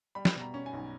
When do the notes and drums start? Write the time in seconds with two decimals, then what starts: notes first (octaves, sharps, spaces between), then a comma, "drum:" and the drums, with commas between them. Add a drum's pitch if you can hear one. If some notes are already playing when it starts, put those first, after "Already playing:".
0.15 G3 B5
0.25 drum: snare
0.35 B2
0.41 A#5
0.54 C#4
0.66 G#5
0.73 B1